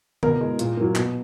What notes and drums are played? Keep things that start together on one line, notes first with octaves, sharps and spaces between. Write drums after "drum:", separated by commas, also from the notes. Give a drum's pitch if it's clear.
B2 A#4, drum: tom D3
G#3
A#2, drum: hi-hat
F#3 A#3
B2, drum: clap